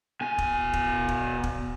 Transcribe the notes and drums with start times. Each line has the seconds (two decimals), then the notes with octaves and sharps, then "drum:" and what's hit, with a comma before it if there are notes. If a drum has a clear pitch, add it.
0.21 B2 G#5
0.38 drum: kick
0.73 drum: kick
1.08 drum: kick
1.43 drum: kick